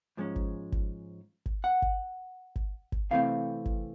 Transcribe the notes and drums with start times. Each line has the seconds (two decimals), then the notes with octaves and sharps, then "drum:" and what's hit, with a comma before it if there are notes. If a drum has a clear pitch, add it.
0.17 G#2 F3 G#3 C#4
0.36 drum: kick G1
0.72 drum: kick G1
1.46 drum: kick G1
1.64 F#5
1.82 drum: kick G1
2.56 drum: kick G1
2.92 drum: kick G1
3.11 C3 E3 A3 C4 F5
3.66 drum: kick G1